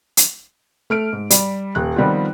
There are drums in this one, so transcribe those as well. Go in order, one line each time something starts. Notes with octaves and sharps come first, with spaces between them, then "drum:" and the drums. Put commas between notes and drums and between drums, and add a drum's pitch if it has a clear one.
drum: hi-hat
A3 F6 D7
G#2
G3, drum: hi-hat
D#1 F#6
D#3 F3 G3 B3 C4 F4